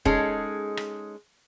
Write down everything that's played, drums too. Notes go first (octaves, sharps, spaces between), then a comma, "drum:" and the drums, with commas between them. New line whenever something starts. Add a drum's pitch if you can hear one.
G#3 C#4 D#4 G#4 A4, drum: kick
drum: rim click